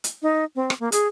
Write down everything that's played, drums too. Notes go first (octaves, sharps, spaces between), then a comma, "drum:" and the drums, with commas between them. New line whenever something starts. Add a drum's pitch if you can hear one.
drum: hi-hat
D#4
C4
drum: rim click
A#3
G#4, drum: hi-hat